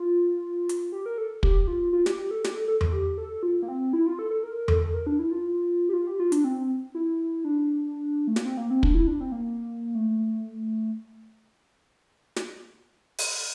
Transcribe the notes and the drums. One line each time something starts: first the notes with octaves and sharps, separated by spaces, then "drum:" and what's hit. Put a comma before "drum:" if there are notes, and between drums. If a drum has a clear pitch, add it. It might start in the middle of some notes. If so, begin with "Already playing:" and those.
Already playing: F4
drum: hi-hat
G4
A#4
A4
G4, drum: kick
F4
F4
G4, drum: snare
G4
A4
G4, drum: snare
A4
A4
A4, drum: tom E2
G4
A4
F4
A#3
C4
E4
F4
A4
A4
A#4
A4, drum: tom E2
A#4
D4
E4
F4
G4
F4
G4
F4
D4, drum: hi-hat
C4
E4
D4
A3
A#3, drum: snare
C4
A#3
C4
D4, drum: kick
E4
D4
C4
A#3
A3
drum: snare
drum: open hi-hat